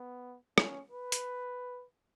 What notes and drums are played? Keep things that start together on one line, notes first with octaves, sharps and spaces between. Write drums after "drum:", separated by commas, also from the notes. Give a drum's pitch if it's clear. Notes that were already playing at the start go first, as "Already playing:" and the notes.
Already playing: B3
C#4, drum: rim click
B4
drum: hi-hat